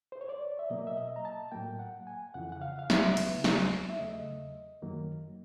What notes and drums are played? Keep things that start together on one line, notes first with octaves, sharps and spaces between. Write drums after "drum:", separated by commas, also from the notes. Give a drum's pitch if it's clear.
C5
C#5
D5
E5
B2 F#3 A#3 D#5
E5
D#5
A#5
A5
A2 F#3 A#3 G5
F#5
G#5
F2 C#3 E3 F#5
F#5
F5
F5
E5, drum: snare
E2 C#3 F#3 B3, drum: cymbal
drum: snare
E5
E2 C#3 F#3 A3 D#5
F#2 D#3 F#3 A#3